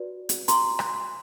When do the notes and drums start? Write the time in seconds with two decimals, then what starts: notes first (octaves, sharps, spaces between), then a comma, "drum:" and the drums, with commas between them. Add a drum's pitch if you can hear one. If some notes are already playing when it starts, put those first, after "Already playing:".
Already playing: F#4 B4 D5
0.29 drum: hi-hat
0.48 A#5 C6, drum: hi-hat
0.79 drum: rim click